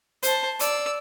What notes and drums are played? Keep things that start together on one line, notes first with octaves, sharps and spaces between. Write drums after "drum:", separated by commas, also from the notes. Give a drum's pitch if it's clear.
C5 A5, drum: hi-hat
D5 E6, drum: hi-hat